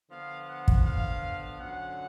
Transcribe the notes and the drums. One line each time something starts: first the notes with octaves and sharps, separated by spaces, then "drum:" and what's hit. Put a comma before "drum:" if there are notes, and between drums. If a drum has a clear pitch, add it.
D3 F3 B3 F5
F#5
drum: kick
F5
D3 F#3 C#4 F#5